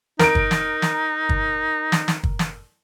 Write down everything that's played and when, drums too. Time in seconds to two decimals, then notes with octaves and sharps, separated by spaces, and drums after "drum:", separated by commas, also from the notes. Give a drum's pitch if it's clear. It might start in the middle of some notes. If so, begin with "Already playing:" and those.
0.19 D#4 A#4 D7, drum: snare
0.35 drum: kick
0.51 drum: snare
0.82 drum: snare
1.29 drum: kick
1.92 drum: snare
2.08 drum: snare
2.24 drum: kick
2.39 drum: snare